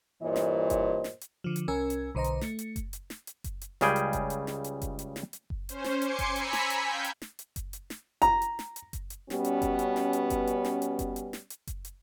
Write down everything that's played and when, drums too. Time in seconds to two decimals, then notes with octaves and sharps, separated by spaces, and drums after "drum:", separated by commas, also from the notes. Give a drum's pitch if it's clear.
0.23 G2 A#2 E3 C5 C#5 D#5
0.36 drum: snare
0.70 drum: kick F#1, hi-hat
1.04 drum: snare
1.21 drum: hi-hat
1.44 D3 F3
1.56 drum: hi-hat
1.68 C2 C#4 A#4 G#5 E6 G#6
1.90 drum: hi-hat
2.15 B1 D3 C5 D#5 A#5
2.24 drum: hi-hat
2.41 A3 C#7, drum: snare
2.59 drum: hi-hat
2.76 drum: kick F#1, hi-hat
2.93 drum: hi-hat
3.10 drum: snare
3.27 drum: hi-hat
3.44 drum: kick F#1, hi-hat
3.61 drum: hi-hat
3.81 C#2 C#3 G3 G#4 G5, drum: snare
3.96 drum: hi-hat
4.13 drum: kick F#1, hi-hat
4.30 drum: hi-hat
4.47 drum: snare
4.64 drum: hi-hat
4.82 drum: kick F#1, hi-hat
4.99 drum: hi-hat
5.16 drum: snare
5.33 drum: hi-hat
5.50 drum: kick F#1
5.69 C#4 C5, drum: hi-hat
5.84 drum: snare
6.02 G#5 C6 D6 C#7, drum: hi-hat
6.19 drum: kick F#1, hi-hat
6.36 G#5 A#5 B5 E6 B6 C#7, drum: hi-hat
6.53 drum: snare
6.70 drum: hi-hat
6.81 F5 G5 G6 G#6
7.04 drum: hi-hat
7.22 drum: snare
7.39 drum: hi-hat
7.56 drum: kick F#1, hi-hat
7.73 drum: hi-hat
7.90 drum: snare
8.22 A#5, drum: kick F#1, hi-hat
8.42 drum: hi-hat
8.59 drum: snare
8.76 drum: hi-hat
8.93 drum: kick F#1, hi-hat
9.10 drum: hi-hat
9.30 B2 G3 B3 C#4, drum: snare
9.45 drum: hi-hat
9.62 drum: kick F#1, hi-hat
9.79 drum: hi-hat
9.96 drum: snare
10.13 drum: hi-hat
10.30 drum: kick F#1, hi-hat
10.47 drum: hi-hat
10.65 drum: snare
10.82 drum: hi-hat
10.99 drum: kick F#1, hi-hat
11.16 drum: hi-hat
11.33 drum: snare
11.50 drum: hi-hat
11.67 drum: kick F#1, hi-hat
11.85 drum: hi-hat